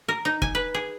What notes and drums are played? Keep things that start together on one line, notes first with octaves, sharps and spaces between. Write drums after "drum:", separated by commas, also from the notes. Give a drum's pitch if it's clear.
A#4
D#4
G#5, drum: kick
B4
G#4